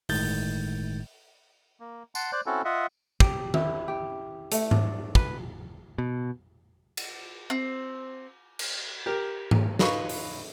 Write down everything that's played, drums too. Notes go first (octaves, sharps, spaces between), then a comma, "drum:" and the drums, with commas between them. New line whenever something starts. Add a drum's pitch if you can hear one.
G1 A2 D#3 G#3 G6 A6, drum: open hi-hat
A#3
F#5 A5 C6, drum: tambourine
C5 D5 F#6
C4 C#4 E4 F#4 A4
F4 D#5 E5 F#5
G4, drum: kick
E4, drum: tom D#3
G4
A3, drum: hi-hat
D4, drum: tom G#2
B4, drum: kick
B2
drum: cymbal
C4
drum: cymbal
G4 A#4
drum: tom G#2
D#4 F4 B4 C#6, drum: snare
drum: open hi-hat